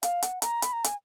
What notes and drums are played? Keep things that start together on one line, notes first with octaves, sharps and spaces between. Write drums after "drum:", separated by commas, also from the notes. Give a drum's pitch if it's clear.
F5, drum: hi-hat
F#5, drum: hi-hat
A#5, drum: hi-hat
B5, drum: hi-hat
A#5
G#5, drum: hi-hat